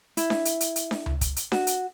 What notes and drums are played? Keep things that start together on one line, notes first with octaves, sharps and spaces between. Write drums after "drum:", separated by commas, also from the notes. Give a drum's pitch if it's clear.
E4, drum: hi-hat
drum: snare D4
drum: hi-hat
drum: hi-hat
drum: hi-hat
drum: snare D4
drum: tom C#2
drum: kick, hi-hat
drum: hi-hat
F#4, drum: snare D4
drum: hi-hat